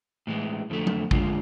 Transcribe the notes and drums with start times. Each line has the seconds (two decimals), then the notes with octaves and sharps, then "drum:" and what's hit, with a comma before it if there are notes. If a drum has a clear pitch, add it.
0.27 A2 E3 G#3
0.70 F2 D3 A3
0.87 drum: tom F#3
1.11 D3 G#3 D4 F4, drum: kick